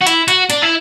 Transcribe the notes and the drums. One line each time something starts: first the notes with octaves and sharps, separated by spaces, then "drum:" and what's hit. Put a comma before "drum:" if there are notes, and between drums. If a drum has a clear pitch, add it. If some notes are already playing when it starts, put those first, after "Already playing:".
F#4
E4, drum: hi-hat
F#4, drum: hi-hat
D4, drum: hi-hat
E4